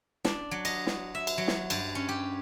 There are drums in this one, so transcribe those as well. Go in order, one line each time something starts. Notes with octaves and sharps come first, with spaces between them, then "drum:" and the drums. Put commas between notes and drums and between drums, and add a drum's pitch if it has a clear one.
D4, drum: snare
F#3
D#5, drum: cymbal
drum: snare
E5
drum: cymbal
F#3
drum: snare
G2, drum: cymbal
C#4
G4